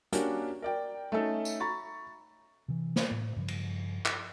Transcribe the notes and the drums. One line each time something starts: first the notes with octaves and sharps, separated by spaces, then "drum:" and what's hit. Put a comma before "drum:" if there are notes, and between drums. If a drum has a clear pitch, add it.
A#3 C#4 D4 F#4 G4 A#4, drum: hi-hat
A#4 D5 G5
A3 C#4 D#4 A4
drum: tambourine
A#5 B5 C#6 A6
C3 E3
drum: snare
A2
G2 C#3 F3
drum: cymbal
drum: clap